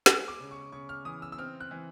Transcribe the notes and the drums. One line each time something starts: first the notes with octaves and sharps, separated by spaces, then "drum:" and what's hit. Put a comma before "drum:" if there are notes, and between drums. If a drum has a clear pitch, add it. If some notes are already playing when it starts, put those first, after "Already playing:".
G#3 G#5, drum: snare
D6
C#3
C#6
C#3 C#6
F6
E3 D#6
E6
E6
C4 F6
F#6
E3